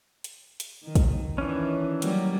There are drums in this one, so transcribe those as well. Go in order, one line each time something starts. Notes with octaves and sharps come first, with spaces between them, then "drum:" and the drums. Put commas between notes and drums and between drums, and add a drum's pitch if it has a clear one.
drum: hi-hat
drum: hi-hat
D#3
drum: kick, hi-hat
D#3 E3 C#4 D4
F#3 G3 A#3, drum: hi-hat